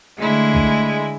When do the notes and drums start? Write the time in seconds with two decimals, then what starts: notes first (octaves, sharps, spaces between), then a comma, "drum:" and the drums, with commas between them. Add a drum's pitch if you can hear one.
0.18 D3 G#3 A3 E4
0.54 drum: kick